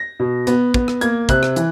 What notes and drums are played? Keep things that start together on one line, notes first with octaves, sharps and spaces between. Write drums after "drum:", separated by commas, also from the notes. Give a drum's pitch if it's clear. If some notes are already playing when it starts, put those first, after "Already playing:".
Already playing: A#6
B2
B3, drum: hi-hat
B3, drum: kick
drum: rim click
A#3 G#6, drum: hi-hat
C3 F#6, drum: kick, hi-hat
drum: rim click
E3, drum: hi-hat